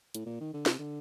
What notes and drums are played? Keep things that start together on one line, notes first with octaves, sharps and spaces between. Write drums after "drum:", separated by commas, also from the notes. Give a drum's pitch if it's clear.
A2, drum: hi-hat
A#2
D#3
D3
C3, drum: snare
D3